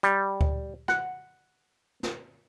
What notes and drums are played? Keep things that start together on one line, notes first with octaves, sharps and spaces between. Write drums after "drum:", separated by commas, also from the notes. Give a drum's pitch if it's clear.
G3, drum: hi-hat
drum: kick D2
F#5, drum: rim click
drum: snare